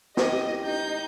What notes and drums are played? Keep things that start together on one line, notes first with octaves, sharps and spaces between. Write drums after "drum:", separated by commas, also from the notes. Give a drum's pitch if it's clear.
A1 G4 D#5, drum: snare
D#4 G6